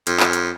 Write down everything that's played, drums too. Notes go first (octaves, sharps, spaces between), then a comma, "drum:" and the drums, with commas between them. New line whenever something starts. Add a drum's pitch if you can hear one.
F2, drum: hi-hat
drum: clap
drum: hi-hat